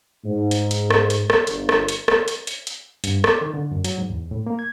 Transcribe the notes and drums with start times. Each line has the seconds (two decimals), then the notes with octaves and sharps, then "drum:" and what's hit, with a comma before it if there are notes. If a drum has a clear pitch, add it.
0.25 G#2
0.51 drum: hi-hat
0.71 drum: hi-hat
0.90 drum: rim click
1.10 drum: hi-hat
1.30 drum: rim click
1.47 G1, drum: hi-hat
1.69 drum: rim click
1.88 drum: hi-hat
2.08 drum: rim click
2.28 drum: hi-hat
2.47 drum: hi-hat
2.67 drum: hi-hat
3.04 G2, drum: hi-hat
3.24 D6, drum: rim click
3.41 D#3
3.54 D3
3.71 F#2
3.84 F#3, drum: hi-hat
3.98 G#2
4.10 E2
4.31 A2
4.46 A#3
4.59 G#6